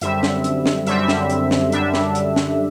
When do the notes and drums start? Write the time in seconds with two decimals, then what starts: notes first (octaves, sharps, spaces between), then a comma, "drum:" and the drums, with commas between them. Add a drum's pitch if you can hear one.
0.01 F#2 D3 G3 C4 E5, drum: hi-hat
0.23 drum: snare
0.44 drum: hi-hat
0.66 drum: snare
0.87 F#2 D3 G3 C4 E5, drum: hi-hat
1.08 drum: snare
1.30 drum: hi-hat
1.51 drum: snare
1.72 F#2 D3 G3 D4 E5, drum: hi-hat
1.94 drum: snare
2.15 drum: hi-hat
2.36 drum: snare